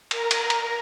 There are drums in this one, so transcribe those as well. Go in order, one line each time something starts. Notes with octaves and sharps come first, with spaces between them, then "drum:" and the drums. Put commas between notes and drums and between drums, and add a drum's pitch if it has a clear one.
A#4 A#5, drum: cymbal
drum: cymbal
drum: cymbal